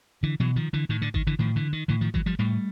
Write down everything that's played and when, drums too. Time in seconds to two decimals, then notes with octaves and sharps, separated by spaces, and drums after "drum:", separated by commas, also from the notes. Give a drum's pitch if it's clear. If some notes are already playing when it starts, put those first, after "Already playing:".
0.23 D3 E3
0.40 B2 E3 F#3
0.56 D#3 F3
0.73 D3 E3
0.89 A2 D#3
1.02 D3
1.14 D#3, drum: kick G#1
1.27 D3 E3
1.39 A2 D#3 F3
1.56 D3 E3
1.73 D#3
1.88 A2 D3 E3
2.01 D#3 F3
2.14 E3 F#3, drum: kick G#1
2.26 F3 G3
2.39 A2 G3 A3